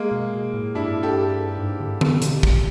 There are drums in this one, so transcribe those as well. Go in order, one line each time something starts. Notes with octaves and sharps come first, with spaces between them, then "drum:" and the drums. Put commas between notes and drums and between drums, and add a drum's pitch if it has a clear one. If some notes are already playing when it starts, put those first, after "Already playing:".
Already playing: G#3 A#3
B2
A2
G2 D4 E4
G4 A4
G#2
D3
C#3, drum: tom D3
B2, drum: hi-hat
A#2, drum: kick